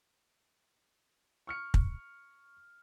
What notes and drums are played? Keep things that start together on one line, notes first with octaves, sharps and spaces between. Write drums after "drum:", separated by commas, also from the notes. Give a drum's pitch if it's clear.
C#6 F6 C#7
drum: kick